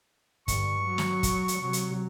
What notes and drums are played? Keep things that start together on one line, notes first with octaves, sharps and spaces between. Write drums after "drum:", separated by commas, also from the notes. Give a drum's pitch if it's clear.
G2 D3 C#6, drum: kick, hi-hat
F#3
drum: snare
drum: kick, hi-hat
drum: hi-hat
C3 F#3
drum: hi-hat